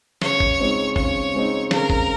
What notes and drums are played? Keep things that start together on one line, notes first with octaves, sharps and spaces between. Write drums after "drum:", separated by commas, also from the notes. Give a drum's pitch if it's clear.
C#3 C#5, drum: snare
drum: kick
G#3 C4 D#4
C#3 C#5, drum: kick
G#3 C4 D#4
C#3 A#4, drum: snare
drum: kick